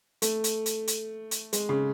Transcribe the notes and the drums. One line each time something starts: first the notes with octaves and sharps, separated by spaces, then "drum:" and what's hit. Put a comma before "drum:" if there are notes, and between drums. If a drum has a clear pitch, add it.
A3, drum: hi-hat
drum: hi-hat
drum: hi-hat
drum: hi-hat
drum: hi-hat
G#3, drum: hi-hat
C#3